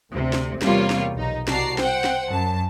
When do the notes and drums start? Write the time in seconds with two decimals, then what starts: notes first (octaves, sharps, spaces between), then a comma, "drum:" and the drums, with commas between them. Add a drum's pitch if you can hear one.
0.12 D2 C3
0.33 drum: snare C4
0.62 E2 C3 G3 A#3 F4 C#5, drum: snare C4
0.90 drum: snare C4
1.14 B1 D#4
1.48 C2 F#4 D5 A5 A#5 C7, drum: snare C4
1.78 C5 F#5 G5, drum: snare C4
2.04 drum: snare C4
2.29 F#2 A5